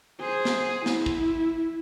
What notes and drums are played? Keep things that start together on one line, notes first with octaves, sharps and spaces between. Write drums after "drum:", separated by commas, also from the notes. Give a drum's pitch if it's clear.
G#4 C5
drum: snare
E4, drum: snare
drum: kick